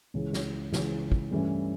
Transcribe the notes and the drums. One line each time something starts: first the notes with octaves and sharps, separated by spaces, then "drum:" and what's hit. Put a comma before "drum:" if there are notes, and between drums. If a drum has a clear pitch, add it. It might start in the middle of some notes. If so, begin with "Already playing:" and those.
C#2 C#3 E3
drum: snare
C#2 C#3 E3, drum: snare
drum: kick
G2 E3 A3 C#4 E4